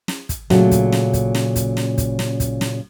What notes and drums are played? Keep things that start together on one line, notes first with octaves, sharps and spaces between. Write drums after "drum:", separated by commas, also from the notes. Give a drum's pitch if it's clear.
drum: snare
drum: kick, hi-hat
A#2 C#3 F#3 A3, drum: snare
drum: kick, hi-hat
drum: snare
drum: kick, hi-hat
drum: snare
drum: kick, hi-hat
drum: snare
drum: kick, hi-hat
drum: snare
drum: kick, hi-hat
drum: snare